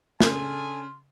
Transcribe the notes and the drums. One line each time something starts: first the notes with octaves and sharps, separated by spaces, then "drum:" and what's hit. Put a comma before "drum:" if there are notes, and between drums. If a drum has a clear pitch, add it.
C#3 D4 A4 G#5 C6, drum: snare